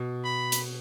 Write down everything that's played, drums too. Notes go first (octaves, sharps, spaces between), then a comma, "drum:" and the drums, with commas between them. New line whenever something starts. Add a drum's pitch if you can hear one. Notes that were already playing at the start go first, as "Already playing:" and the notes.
Already playing: B2
B5
drum: hi-hat